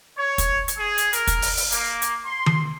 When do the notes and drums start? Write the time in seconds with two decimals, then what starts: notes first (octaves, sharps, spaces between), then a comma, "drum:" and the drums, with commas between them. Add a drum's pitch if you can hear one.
0.17 C#5
0.38 drum: kick, hi-hat
0.68 drum: hi-hat
0.78 G#4
0.98 drum: hi-hat
1.13 A#4, drum: hi-hat
1.27 drum: kick, hi-hat
1.42 drum: open hi-hat
1.57 drum: open hi-hat
1.72 A#3, drum: hi-hat
2.02 drum: hi-hat
2.25 C6
2.46 drum: tom D#3